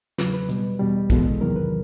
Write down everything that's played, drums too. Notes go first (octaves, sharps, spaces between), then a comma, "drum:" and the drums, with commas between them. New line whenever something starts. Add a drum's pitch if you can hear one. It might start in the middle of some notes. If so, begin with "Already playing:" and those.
E2 C#3 F#3 B4, drum: snare
B4
B2 G3, drum: hi-hat
E2 B2 G3
E2 B2 G#3 A4, drum: kick, hi-hat
E2 C3 D#3 F#3 A#4
B4